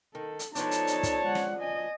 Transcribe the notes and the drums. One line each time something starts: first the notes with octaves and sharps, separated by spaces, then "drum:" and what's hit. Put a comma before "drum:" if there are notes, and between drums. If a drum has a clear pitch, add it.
D#3 A4
drum: hi-hat
F3 B3 D4 D#4 A4 C#5 A5, drum: hi-hat
drum: hi-hat
drum: hi-hat
drum: kick, hi-hat
G#3 F#5
drum: snare
D#5 G#5